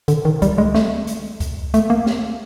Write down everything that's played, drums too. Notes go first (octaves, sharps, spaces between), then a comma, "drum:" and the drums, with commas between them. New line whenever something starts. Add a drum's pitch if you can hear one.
D3, drum: hi-hat
D#3
G3, drum: kick C#2, hi-hat
G#3
A3, drum: snare
drum: hi-hat
drum: kick C#2, hi-hat
A3, drum: hi-hat
A#3
drum: snare